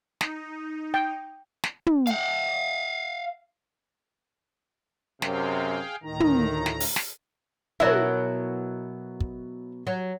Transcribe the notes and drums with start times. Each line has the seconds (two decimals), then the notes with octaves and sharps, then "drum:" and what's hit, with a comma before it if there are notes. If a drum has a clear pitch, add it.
0.21 D#4, drum: snare
0.94 G5
1.64 drum: snare
1.86 drum: tom
2.07 F5 F#5, drum: hi-hat
5.22 F#2 C3 G#4 F5 G5, drum: snare
6.03 D2 A2 D#3 A#5
6.20 drum: tom
6.66 drum: snare
6.80 drum: open hi-hat
6.96 drum: snare
7.80 B2 F#3 E4 F#4 A#4, drum: tom
9.21 drum: kick
9.87 F#3